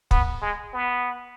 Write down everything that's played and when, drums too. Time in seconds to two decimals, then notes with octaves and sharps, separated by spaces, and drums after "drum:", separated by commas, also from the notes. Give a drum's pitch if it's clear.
0.11 B3, drum: kick
0.42 G#3
0.74 B3